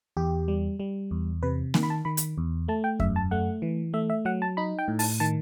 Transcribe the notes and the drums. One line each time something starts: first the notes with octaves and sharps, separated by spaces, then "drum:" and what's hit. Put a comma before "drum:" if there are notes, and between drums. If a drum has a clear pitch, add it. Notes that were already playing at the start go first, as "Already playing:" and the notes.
E2 G4
G3
G3
E2
C3 B4
D#3, drum: snare A#3
B5
A5
D#3 B5
drum: hi-hat
E2
A3 A5
G5
F#2 E5, drum: kick E2
A5
A3 F#5
E3
A3 E5
E5
F#3 F#5
A5
D#4 B5
G5
A2
A5, drum: open hi-hat
D#3 A5